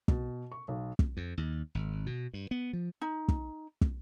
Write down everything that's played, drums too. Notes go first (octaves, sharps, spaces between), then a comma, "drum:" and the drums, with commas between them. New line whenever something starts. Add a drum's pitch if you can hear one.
B2, drum: kick
C#6
B1
drum: kick
F2
D#2
G#1
B2
G2
B3
F3
D#4
drum: kick
drum: kick